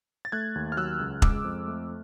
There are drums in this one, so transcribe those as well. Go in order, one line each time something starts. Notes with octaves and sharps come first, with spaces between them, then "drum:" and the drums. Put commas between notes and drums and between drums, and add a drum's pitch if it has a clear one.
A6
A3 F#6 G#6
D#2
F6
F#3 E6 F#6
C#2
G#3 D6 E6, drum: kick
F2
A3